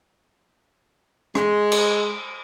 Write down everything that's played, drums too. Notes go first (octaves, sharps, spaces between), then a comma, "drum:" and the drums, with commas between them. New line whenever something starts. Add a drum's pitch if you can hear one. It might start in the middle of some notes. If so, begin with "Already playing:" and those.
G#3, drum: rim click
drum: cymbal